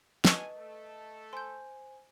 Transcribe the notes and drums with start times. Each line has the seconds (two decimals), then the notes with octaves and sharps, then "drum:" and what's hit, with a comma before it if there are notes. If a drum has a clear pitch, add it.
0.25 B4 D#5 F#5 G#5 A5 C#6, drum: snare
0.57 A3 A4
1.33 C5 G#5 C6 G6